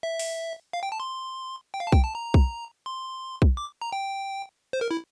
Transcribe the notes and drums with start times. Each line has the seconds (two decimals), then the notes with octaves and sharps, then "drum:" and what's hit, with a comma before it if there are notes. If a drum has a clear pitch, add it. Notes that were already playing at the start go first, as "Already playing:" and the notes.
0.03 E5
0.19 drum: open hi-hat
0.73 F5
0.83 G5
0.92 A5
1.00 C6
1.74 G5
1.80 F5
1.87 A5
1.92 G5, drum: kick B1
2.04 A5
2.15 A#5
2.34 drum: kick B1
2.86 C6
3.42 drum: kick B1
3.57 D6
3.82 A#5
3.93 G5
4.73 C5
4.81 A#4
4.91 E4